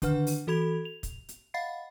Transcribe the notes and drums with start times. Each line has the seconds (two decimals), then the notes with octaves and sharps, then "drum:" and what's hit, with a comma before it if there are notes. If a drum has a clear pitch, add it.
0.02 D3 D#3 D4 B4 F#5 F6, drum: kick, hi-hat
0.27 drum: open hi-hat
0.47 E3 F#4 A4 B5 G#6 F7
0.85 F7
1.03 drum: kick, hi-hat
1.29 drum: hi-hat
1.54 D#5 F5 F#5 B5 A6 C7